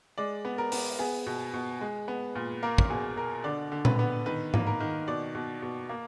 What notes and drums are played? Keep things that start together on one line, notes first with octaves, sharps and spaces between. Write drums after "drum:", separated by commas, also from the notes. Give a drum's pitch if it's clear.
G#3 D5
B3
A#4
B3, drum: open hi-hat
B3 G#4
B2
B2
G#3
B3
A#2
A#3 A#4
drum: kick
B2 G#4
B2 A#4
D3 D5
D3
B4, drum: tom A#2
B3
D#3 B4
A#3, drum: tom G#2
A#4
D#3
B2 D5
B2
B2
A#3